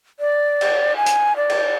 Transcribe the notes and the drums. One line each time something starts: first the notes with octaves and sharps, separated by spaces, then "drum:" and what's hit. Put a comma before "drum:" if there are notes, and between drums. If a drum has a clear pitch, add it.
D5
drum: cymbal
G#5
drum: hi-hat
D5
drum: cymbal